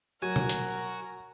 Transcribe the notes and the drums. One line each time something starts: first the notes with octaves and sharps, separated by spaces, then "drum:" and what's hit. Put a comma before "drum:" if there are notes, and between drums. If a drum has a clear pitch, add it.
F#3 F#4 A#4 G#5
drum: tom B2
drum: hi-hat